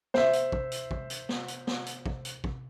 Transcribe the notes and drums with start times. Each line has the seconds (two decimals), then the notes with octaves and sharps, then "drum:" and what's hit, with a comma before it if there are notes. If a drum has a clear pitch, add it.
0.14 C5 E5, drum: snare
0.33 drum: hi-hat
0.52 drum: kick
0.72 drum: hi-hat
0.91 drum: kick
1.10 drum: hi-hat
1.29 drum: snare
1.48 drum: hi-hat
1.67 drum: snare
1.86 drum: hi-hat
2.06 drum: kick
2.25 drum: hi-hat
2.44 drum: kick